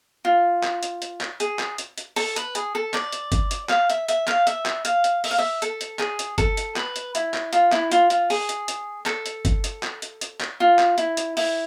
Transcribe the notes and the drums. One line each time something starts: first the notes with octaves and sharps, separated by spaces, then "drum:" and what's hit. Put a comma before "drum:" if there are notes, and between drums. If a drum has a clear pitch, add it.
F4
drum: clap
drum: hi-hat
drum: hi-hat
drum: clap
G#4, drum: hi-hat
drum: clap
drum: hi-hat
drum: hi-hat
A4, drum: open hi-hat
B4, drum: hi-hat
G#4, drum: hi-hat
A4
D5, drum: clap
drum: hi-hat
drum: kick, hi-hat
drum: hi-hat
F5, drum: clap
E5, drum: hi-hat
E5, drum: hi-hat
F5, drum: clap
E5, drum: hi-hat
drum: clap
F5, drum: hi-hat
drum: hi-hat
E5, drum: open hi-hat
F5
E5
A4, drum: hi-hat
drum: hi-hat
G#4, drum: clap
drum: hi-hat
A4, drum: kick, hi-hat
drum: hi-hat
B4, drum: clap
drum: hi-hat
E4, drum: hi-hat
drum: clap
F4, drum: hi-hat
E4, drum: clap
F4, drum: hi-hat
F4, drum: hi-hat
G#4, drum: open hi-hat
drum: hi-hat
drum: hi-hat
A4, drum: clap
drum: hi-hat
drum: kick, hi-hat
drum: hi-hat
drum: clap
drum: hi-hat
drum: hi-hat
drum: clap
F4
drum: clap
E4, drum: hi-hat
drum: hi-hat
E4, drum: open hi-hat